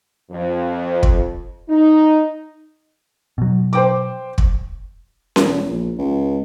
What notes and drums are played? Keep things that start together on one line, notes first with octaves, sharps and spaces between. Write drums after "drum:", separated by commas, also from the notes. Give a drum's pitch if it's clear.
F2
drum: kick
D#4
B2 F#3
C5 G5 D6
drum: kick
E1, drum: snare C#4
A#1
C#2